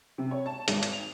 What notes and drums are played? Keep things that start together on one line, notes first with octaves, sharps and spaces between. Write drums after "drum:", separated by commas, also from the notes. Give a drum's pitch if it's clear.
C3
C#5
A5
G#1, drum: hi-hat
drum: hi-hat
F7